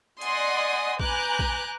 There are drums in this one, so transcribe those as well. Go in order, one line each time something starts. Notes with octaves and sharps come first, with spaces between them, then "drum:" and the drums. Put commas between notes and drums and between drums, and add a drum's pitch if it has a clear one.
D5 D#5 F#5 G#5 C6 D#6, drum: hi-hat
B4 G#5 A#5 D6 F#6 G6, drum: kick A#1
drum: kick A#1